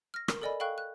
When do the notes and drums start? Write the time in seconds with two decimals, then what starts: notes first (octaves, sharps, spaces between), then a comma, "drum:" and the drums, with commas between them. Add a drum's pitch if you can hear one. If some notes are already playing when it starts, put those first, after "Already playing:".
0.14 F6 A#6
0.28 A#4, drum: rim click
0.42 A4 A#4 D5 D#5 G#5 B5
0.60 A4 F5 G5 C#6 F#6
0.78 F#6